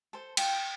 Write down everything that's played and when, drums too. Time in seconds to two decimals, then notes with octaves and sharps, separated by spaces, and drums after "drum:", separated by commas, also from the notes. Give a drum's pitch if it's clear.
0.13 A4 C5
0.37 F4 G5, drum: cymbal